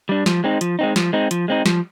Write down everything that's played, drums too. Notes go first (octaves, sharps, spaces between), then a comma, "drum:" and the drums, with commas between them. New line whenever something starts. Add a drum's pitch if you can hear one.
G3 D4
F3, drum: snare
G#3 C4 D#4
F3, drum: hi-hat
G#3 C4 D#4
F3, drum: snare
G#3 C4 D#4
F3, drum: hi-hat
G#3 C4 D#4
F3, drum: snare